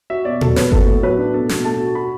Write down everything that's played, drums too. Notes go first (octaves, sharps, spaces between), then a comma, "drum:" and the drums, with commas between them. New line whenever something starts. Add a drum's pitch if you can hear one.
F#4 E5
B2 D5
F#3 A4, drum: tom A#2
B3 B4, drum: snare
F#4 A4, drum: kick G1
A2
F#3 B4
D4
B2 A4
B2, drum: snare
A3 A5
F#4
F#4 B5